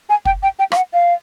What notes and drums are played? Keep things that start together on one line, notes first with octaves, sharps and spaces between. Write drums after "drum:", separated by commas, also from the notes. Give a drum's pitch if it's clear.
G#5
G5, drum: kick
G5
G5
F5, drum: rim click
F#5
F5